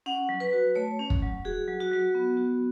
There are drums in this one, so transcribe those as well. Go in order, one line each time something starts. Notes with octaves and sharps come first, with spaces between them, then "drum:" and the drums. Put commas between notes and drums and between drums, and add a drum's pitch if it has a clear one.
C#4 F#5
F#3
B4
F#4
A3 C#5
C#4
drum: kick
F#3
F#4 G#4
F#3
F#4
F#3 F#4
B3
F#4